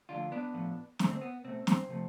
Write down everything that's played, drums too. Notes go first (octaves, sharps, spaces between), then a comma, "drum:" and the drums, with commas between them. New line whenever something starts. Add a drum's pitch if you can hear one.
D3 F3 A3 D4 F4
B3 D4
A2 F3 A3
D3 A3 C4, drum: snare
C4
B3
B2 A3 C4
C4, drum: snare
C3 F3 A3